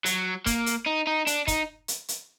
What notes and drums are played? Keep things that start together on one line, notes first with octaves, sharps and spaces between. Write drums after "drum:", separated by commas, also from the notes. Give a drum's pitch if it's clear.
F#3, drum: hi-hat
A#3, drum: kick, hi-hat
drum: hi-hat
D#4
D#4
D4, drum: hi-hat
D#4, drum: kick, hi-hat
drum: hi-hat
drum: hi-hat